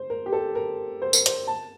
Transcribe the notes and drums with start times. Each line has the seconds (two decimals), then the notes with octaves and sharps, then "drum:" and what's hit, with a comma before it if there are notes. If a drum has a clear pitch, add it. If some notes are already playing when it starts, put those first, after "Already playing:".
Already playing: C5
0.10 A#4
0.26 G4
0.32 A4
0.55 A#4
1.02 C5
1.13 A#4, drum: tambourine
1.26 C5, drum: hi-hat
1.47 A5